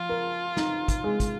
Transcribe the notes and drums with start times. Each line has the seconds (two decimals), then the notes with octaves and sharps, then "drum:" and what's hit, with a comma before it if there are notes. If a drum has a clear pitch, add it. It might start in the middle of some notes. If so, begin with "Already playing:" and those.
Already playing: F3 F4
0.09 A#4
0.57 D#4, drum: snare
0.88 drum: kick, hi-hat
1.04 G#3
1.20 drum: kick, hi-hat